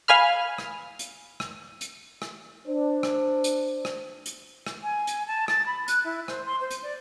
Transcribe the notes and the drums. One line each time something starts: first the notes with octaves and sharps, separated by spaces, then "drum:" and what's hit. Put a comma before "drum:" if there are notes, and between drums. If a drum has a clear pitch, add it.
F5 G#5 B5 F6
drum: rim click
drum: hi-hat
drum: rim click
drum: hi-hat
drum: rim click
D4 C5
drum: rim click
drum: hi-hat
drum: rim click
drum: hi-hat
drum: rim click
G#5
drum: hi-hat
A5
A6, drum: rim click
B5
F#6, drum: hi-hat
E4
C5, drum: rim click
C6
C5
drum: hi-hat
D5